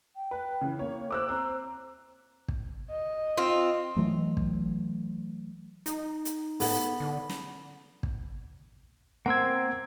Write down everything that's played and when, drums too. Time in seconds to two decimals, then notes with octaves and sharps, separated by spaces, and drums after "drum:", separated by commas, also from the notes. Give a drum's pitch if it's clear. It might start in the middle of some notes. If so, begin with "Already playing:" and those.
0.16 G5
0.31 B4
0.61 C#3 E3
0.79 A#3 C#5
1.11 C5 D6 E6 F#6
1.29 C4 A#5
2.48 drum: kick
2.90 D#5
3.37 C4 F4
3.97 E3 F#3 A3
4.37 drum: kick
5.86 D#4, drum: hi-hat
6.25 drum: hi-hat
6.60 B3 A4 F#5, drum: open hi-hat
7.00 D3
7.29 drum: snare
8.03 drum: kick
9.26 A#3 C4 F#5 E6 G#6